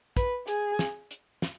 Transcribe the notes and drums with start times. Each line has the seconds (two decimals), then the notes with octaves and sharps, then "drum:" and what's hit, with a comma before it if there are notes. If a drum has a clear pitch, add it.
0.17 B4, drum: kick, hi-hat
0.47 G#4, drum: hi-hat
0.79 drum: snare
1.11 drum: hi-hat
1.42 drum: snare